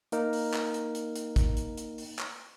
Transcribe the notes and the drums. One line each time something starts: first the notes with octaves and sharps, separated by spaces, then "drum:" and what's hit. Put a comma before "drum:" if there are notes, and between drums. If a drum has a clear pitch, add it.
A#3 D#4 A#4, drum: hi-hat
drum: open hi-hat
drum: clap
drum: hi-hat
drum: hi-hat
drum: hi-hat
drum: kick, hi-hat
drum: hi-hat
drum: hi-hat
drum: open hi-hat
drum: clap